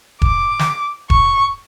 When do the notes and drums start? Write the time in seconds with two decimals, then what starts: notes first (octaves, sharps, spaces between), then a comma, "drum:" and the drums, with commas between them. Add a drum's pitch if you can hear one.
0.22 D6, drum: kick E1
0.59 drum: snare
1.10 C#6, drum: kick E1